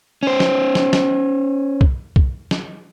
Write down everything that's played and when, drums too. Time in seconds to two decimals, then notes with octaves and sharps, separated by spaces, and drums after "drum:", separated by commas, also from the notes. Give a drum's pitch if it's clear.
0.23 C#4 C5
0.40 drum: snare
0.75 drum: snare
0.93 drum: snare
1.81 drum: kick
2.16 drum: kick
2.51 drum: snare